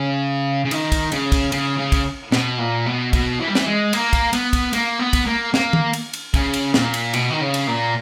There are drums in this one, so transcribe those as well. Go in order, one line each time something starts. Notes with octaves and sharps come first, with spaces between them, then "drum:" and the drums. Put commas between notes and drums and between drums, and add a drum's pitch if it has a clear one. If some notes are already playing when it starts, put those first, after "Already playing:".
Already playing: C#3
C#3
D#3, drum: cymbal
drum: kick, cymbal
C#3, drum: cymbal
drum: kick, cymbal
C#3, drum: cymbal
C#3
drum: kick, cymbal
B2, drum: snare
A#2
B2
B2, drum: kick, cymbal
E3
G3
E3, drum: snare
G#3
A#3, drum: cymbal
drum: kick, cymbal
B3, drum: cymbal
drum: kick, cymbal
A#3, drum: cymbal
B3
drum: kick, cymbal
A#3
A#3, drum: snare
drum: tom D#3
drum: cymbal
drum: cymbal
C#3, drum: kick, cymbal
drum: cymbal
A#2, drum: snare
drum: cymbal
B2, drum: cymbal
D#3
C#3
drum: cymbal
A#2